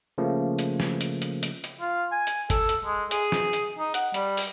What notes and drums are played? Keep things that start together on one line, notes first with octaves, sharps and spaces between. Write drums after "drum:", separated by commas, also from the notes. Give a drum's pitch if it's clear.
C#3 F3 A3 A#3
drum: hi-hat
drum: snare
drum: hi-hat
drum: hi-hat
drum: hi-hat
drum: hi-hat
F4
G#5
drum: hi-hat
A4, drum: kick G1, hi-hat
drum: hi-hat
G#3
G#4, drum: hi-hat
drum: snare
drum: hi-hat
D#4
F#5, drum: hi-hat
G3, drum: hi-hat
drum: open hi-hat